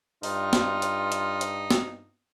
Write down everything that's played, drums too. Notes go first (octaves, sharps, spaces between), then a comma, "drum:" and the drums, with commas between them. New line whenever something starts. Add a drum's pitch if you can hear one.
G2 D#4 F4, drum: open hi-hat
drum: snare
drum: hi-hat
drum: hi-hat
drum: hi-hat
drum: snare